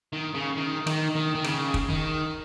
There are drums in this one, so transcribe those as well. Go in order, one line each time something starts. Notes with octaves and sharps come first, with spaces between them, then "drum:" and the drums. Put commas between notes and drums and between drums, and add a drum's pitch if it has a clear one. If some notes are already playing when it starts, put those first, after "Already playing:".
D#3
C#3
D#3
D#3, drum: rim click
D#3
D#3
C#3, drum: rim click
drum: kick
D#3